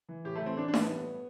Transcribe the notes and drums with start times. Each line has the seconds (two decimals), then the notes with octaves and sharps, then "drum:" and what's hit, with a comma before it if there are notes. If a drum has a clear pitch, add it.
0.09 E3
0.25 A2 G4
0.36 A3
0.41 E3 C4
0.57 E3 D4
0.68 D4
0.74 A2, drum: snare D#4
0.79 B3
0.90 G2